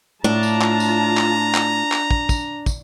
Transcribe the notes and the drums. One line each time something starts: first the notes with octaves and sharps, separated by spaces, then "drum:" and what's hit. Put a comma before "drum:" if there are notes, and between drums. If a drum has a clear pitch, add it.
A2 D4 F4 A5 A#5
drum: tambourine
drum: clap
drum: tambourine
drum: clap
drum: clap
drum: clap
drum: kick
drum: kick, tambourine
drum: kick, tambourine